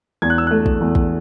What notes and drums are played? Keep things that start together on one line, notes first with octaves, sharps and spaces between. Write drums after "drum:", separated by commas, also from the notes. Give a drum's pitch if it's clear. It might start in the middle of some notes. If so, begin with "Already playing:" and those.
E2 G#6
F#6
E6
A3 F#6
drum: kick
E2
drum: kick